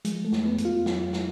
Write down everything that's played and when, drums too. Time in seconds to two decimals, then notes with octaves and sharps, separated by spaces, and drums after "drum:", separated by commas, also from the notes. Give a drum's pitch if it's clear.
0.05 F3 G#3, drum: hi-hat
0.25 A3
0.32 F2, drum: snare
0.46 B3
0.58 F2, drum: hi-hat
0.65 F4
0.86 F#3, drum: snare
1.13 drum: snare